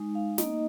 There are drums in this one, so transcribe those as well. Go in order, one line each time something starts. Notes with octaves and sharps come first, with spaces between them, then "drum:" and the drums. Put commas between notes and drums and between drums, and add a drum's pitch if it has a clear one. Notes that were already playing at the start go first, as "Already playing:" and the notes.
Already playing: G#3 D#4
F5
A#3 D#4 D#5, drum: snare